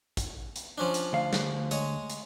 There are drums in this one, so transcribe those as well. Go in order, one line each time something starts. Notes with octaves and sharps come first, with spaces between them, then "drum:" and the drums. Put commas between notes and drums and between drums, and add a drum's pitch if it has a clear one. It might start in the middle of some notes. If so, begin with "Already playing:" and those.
drum: kick, hi-hat
drum: hi-hat
F3 C#4 D4
drum: hi-hat
D2 F5
drum: snare
G#3 C#5 D#6, drum: hi-hat
drum: hi-hat